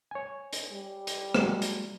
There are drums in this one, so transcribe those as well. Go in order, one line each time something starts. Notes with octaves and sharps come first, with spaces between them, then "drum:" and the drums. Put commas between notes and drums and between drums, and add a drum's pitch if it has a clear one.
C#5 G#5
drum: hi-hat
G3
drum: hi-hat
F#3 G#3 A#3, drum: rim click
drum: hi-hat